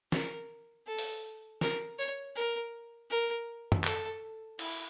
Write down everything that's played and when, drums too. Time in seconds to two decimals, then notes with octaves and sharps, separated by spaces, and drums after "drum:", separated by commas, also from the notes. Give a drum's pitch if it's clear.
0.12 A#4, drum: snare
0.87 A4
0.98 drum: open hi-hat
1.61 A#4, drum: snare
1.98 C#5
2.35 A#4
3.10 A#4
3.72 drum: tom F#2
3.84 A4, drum: clap
4.59 E4, drum: cymbal